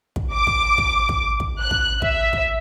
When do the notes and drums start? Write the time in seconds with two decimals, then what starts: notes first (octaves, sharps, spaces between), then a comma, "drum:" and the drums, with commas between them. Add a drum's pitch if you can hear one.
0.16 drum: kick
0.32 D6
0.47 drum: kick
0.78 drum: kick
1.09 drum: kick
1.40 drum: kick
1.61 F#6
1.71 drum: kick
2.02 E5, drum: kick
2.33 drum: kick